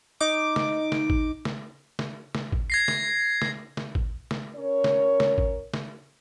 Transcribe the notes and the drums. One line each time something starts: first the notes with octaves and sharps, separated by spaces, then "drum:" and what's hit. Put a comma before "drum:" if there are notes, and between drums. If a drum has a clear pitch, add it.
D#4 D6
drum: snare
drum: snare
drum: kick
drum: snare
drum: snare
drum: snare
drum: kick
G#6 A#6 C7
drum: snare
drum: snare
drum: snare
drum: kick
drum: snare
C#4 A#4 C#5
drum: snare
drum: snare
drum: kick
drum: snare